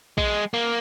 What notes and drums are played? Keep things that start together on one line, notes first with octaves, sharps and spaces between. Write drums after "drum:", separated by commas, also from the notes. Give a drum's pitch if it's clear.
G#3, drum: kick A#1
A#3